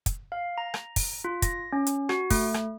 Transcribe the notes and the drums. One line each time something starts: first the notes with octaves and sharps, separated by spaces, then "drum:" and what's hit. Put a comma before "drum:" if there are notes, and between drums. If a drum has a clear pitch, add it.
drum: kick, hi-hat
F5
A#5
drum: rim click
drum: kick, open hi-hat
F4
A#6, drum: kick, hi-hat
C#4
drum: hi-hat
F#4, drum: rim click
A3, drum: kick, open hi-hat
drum: rim click